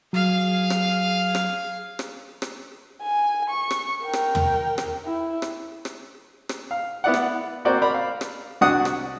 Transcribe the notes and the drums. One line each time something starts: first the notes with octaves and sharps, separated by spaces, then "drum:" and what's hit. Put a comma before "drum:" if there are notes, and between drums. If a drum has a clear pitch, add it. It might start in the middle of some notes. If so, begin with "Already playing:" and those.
F#3 G#4 F5
drum: rim click
drum: rim click
drum: rim click
drum: rim click
G#5
C#6
drum: rim click
A#4 G5
drum: rim click
drum: tom
drum: rim click
E4
drum: rim click
drum: rim click
drum: rim click
F5
B3 E4 D5 F#5
drum: rim click
A#3 C4 F#4 C5 D5
A#4 D5 A#5 B5
F5
drum: rim click
C2 D4 F#4 D5 F#5 D#6
drum: rim click